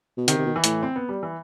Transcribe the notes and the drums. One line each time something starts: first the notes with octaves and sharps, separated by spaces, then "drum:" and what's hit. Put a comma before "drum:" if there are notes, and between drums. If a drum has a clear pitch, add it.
B2
C3 D#3, drum: hi-hat
C3
B2
E3
A2, drum: hi-hat
C4
B3
G3
E3